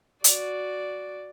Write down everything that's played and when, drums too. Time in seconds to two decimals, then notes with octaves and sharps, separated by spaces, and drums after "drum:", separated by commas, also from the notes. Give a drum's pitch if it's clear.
0.24 F#4 D5, drum: hi-hat